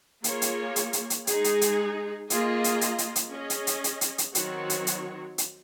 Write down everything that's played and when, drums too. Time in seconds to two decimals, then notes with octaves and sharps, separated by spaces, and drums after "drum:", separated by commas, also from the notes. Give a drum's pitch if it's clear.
0.24 A#3 F4 G#4 C#5, drum: hi-hat
0.42 drum: hi-hat
0.76 drum: hi-hat
0.93 drum: hi-hat
1.10 drum: hi-hat
1.27 G#3 D#4 G#4, drum: hi-hat
1.44 drum: hi-hat
1.61 drum: hi-hat
2.30 A#3 F4 G#4 D#5, drum: hi-hat
2.64 drum: hi-hat
2.81 drum: hi-hat
2.98 drum: hi-hat
3.16 drum: hi-hat
3.33 C#4 G#4 D#5
3.50 drum: hi-hat
3.67 drum: hi-hat
3.84 drum: hi-hat
4.01 drum: hi-hat
4.18 drum: hi-hat
4.35 D#3 F#3 C4 F#4 C#5, drum: hi-hat
4.70 drum: hi-hat
4.87 drum: hi-hat
5.38 drum: hi-hat